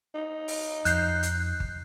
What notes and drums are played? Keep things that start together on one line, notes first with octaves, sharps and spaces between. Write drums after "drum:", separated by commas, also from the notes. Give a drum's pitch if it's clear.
D#4
drum: open hi-hat
F2 F#6 G6 C7, drum: hi-hat
drum: hi-hat
drum: kick G1